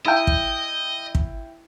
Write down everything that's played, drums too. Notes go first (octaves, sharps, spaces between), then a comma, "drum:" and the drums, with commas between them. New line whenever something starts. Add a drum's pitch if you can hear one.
E4 D#5 G5
drum: kick
drum: kick